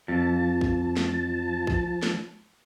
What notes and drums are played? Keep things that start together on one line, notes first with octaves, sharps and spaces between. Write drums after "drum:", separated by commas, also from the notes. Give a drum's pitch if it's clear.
F2 F3 A5
drum: kick B1
drum: snare
drum: kick B1
drum: snare